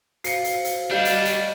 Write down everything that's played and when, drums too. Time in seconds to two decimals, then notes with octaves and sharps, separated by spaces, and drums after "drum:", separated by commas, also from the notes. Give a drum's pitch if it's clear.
0.24 F#4 C5 F5 C7 C#7, drum: hi-hat
0.44 drum: hi-hat
0.65 drum: hi-hat
0.91 G3 D4 F#4 D#5 F5 G6
1.05 drum: hi-hat
1.25 drum: hi-hat